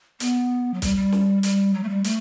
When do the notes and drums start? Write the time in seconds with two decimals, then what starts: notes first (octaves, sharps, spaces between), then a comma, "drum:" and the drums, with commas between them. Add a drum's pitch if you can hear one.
0.20 B3, drum: hi-hat
0.74 F#3
0.82 G3, drum: kick, hi-hat
0.97 G3
1.12 drum: snare
1.43 G3, drum: hi-hat
1.74 F#3
1.83 A3
1.89 G3
2.04 A3, drum: hi-hat